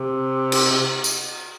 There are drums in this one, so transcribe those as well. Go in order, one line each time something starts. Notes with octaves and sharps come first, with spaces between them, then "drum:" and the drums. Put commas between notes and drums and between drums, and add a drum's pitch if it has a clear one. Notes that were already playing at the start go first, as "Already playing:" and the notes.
Already playing: C3
drum: cymbal
C3
drum: tambourine